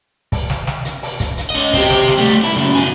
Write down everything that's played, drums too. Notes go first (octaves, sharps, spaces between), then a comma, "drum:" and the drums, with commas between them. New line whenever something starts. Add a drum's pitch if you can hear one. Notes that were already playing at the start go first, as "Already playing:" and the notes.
drum: kick, open hi-hat
drum: snare
drum: snare
drum: hi-hat
drum: open hi-hat
drum: kick, hi-hat
drum: hi-hat
C#4 D#5
C4 G4, drum: kick, open hi-hat
drum: snare
drum: snare
G3 A3
E4, drum: open hi-hat
F#2 C#3
B2 G#5